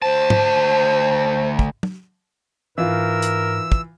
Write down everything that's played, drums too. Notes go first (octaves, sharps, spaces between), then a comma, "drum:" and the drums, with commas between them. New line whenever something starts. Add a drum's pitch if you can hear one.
D2 C5 A5
drum: tom G#2
drum: kick
drum: tom
G#2 E3 F4 A#4 E6
drum: hi-hat
drum: kick